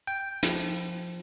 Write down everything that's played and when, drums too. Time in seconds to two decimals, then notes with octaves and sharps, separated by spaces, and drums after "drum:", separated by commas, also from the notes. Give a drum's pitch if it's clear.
0.07 G5
0.43 F3, drum: hi-hat